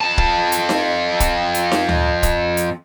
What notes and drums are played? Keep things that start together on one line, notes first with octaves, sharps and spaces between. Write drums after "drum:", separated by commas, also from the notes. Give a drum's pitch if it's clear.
F2 A5
drum: kick
drum: hi-hat
drum: snare D#4
drum: kick, hi-hat
drum: hi-hat
drum: snare D#4
drum: tom D2
drum: kick, hi-hat
drum: hi-hat